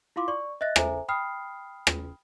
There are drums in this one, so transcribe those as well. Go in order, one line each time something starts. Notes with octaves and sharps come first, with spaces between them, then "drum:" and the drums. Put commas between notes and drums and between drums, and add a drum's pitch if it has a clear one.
E4 F4 F5 C6 D6
D5 C#6
D#5 E5 F#6 A6 A#6
A4 C5 E5 G#5 A#5, drum: rim click
G5 B5 D#6 F6 C7
drum: rim click